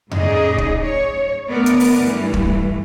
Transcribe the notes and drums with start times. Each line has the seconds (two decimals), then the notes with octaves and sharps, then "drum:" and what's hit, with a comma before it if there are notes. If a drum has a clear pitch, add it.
0.11 A2 C#3 D#4 G#4 D5 D#5, drum: tom F2
0.58 drum: kick
0.83 C#5
1.49 D2 A3 B3 A#4 B4 D5
1.66 drum: hi-hat
1.80 drum: open hi-hat
1.99 G2 E3 A3
2.34 drum: kick